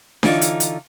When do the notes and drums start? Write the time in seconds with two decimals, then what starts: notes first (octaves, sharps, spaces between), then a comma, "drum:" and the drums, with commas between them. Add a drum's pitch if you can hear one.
0.23 D3 E3 D#4 F4 C#5, drum: snare D4
0.41 drum: hi-hat
0.60 drum: hi-hat